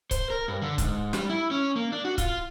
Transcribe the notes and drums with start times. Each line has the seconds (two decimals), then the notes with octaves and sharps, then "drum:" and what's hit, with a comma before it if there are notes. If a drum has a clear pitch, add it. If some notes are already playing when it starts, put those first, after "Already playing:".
0.11 C5, drum: kick, hi-hat
0.30 A#4
0.48 G2
0.61 D3
0.78 G#2, drum: kick, hi-hat
1.13 G3, drum: snare
1.29 E4
1.51 C#4
1.76 A#3
1.92 D4
2.05 F#4
2.18 F4, drum: kick, hi-hat